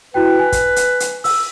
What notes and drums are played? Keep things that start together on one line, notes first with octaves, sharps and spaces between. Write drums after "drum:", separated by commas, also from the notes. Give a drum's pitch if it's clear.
E4 F#4 B4 G5
G#5
drum: kick, hi-hat
drum: hi-hat
drum: hi-hat
E6, drum: open hi-hat